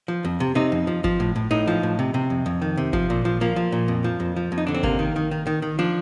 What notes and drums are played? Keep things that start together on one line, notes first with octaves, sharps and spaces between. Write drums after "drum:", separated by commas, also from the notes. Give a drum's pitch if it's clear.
F3
F2
C3
C3 D#4
F2
F3
F3, drum: kick G#1
A2
A2
A2 D#4
F3
A2
C3
C3
F2
F2
D#3
C3
F3, drum: kick G#1
A#2
F3
F3 A#3
F3
A#2
F2
F3
F2
F3
F2
D#4
D3 D4
C4
C3 A#3, drum: kick G#1
D#3
D#3
D#3
D#3
D#3
F3 D4